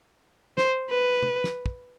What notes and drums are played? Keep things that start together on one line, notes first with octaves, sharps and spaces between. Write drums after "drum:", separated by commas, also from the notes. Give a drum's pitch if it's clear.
C5, drum: snare
B4
drum: tom
drum: snare
drum: kick